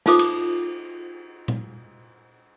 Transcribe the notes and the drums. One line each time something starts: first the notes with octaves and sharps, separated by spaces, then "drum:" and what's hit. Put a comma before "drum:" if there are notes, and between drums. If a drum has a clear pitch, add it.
D#4 F4 A4 C5 D6 D#6, drum: snare
drum: cymbal
drum: tom A#2